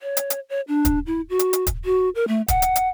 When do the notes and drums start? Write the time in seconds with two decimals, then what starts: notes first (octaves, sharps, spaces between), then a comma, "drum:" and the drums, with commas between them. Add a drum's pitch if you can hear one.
0.01 C#5
0.17 drum: hi-hat
0.30 drum: hi-hat
0.49 C#5
0.68 D4
0.85 drum: kick, hi-hat
1.07 E4
1.30 F#4
1.39 drum: hi-hat
1.53 drum: hi-hat
1.67 drum: kick, hi-hat
1.85 F#4
2.15 A#4
2.28 A3
2.48 F#5, drum: kick, hi-hat
2.62 drum: hi-hat
2.76 drum: hi-hat